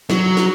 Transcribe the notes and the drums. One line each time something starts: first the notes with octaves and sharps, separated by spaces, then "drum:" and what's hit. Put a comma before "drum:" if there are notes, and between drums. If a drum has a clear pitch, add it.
F#3, drum: snare
drum: snare